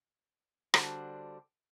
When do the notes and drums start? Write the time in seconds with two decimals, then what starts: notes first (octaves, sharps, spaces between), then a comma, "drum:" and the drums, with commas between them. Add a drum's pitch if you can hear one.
0.74 D3 G3 D4 F#4 C5, drum: rim click